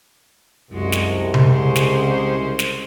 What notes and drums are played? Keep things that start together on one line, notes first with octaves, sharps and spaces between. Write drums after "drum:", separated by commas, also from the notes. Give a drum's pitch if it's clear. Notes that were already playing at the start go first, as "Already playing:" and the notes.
C2 F#2 G#3 F#4
drum: snare
drum: tom C3
C#3 G#3 C#4 C5
drum: snare
drum: snare